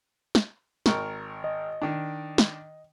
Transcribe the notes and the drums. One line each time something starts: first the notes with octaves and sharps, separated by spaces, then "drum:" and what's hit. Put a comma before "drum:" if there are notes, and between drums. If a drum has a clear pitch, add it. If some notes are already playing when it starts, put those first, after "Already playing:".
drum: snare
G#1 A#4 C#6, drum: snare
D#5
D#3 D4
drum: snare